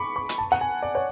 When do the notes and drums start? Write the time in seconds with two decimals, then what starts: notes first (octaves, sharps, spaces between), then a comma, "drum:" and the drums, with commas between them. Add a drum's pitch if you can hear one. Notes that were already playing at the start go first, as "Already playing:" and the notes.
Already playing: B5 C#6 D6
0.16 C#6
0.29 drum: hi-hat
0.38 A5
0.52 F#5
0.61 G#5
0.82 D5
0.95 C#5